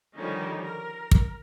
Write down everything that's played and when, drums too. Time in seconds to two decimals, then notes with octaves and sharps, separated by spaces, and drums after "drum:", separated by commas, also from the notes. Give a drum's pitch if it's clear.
0.16 D3 D#3 F3 G3 C#4 D#4
0.64 A#4
1.11 drum: kick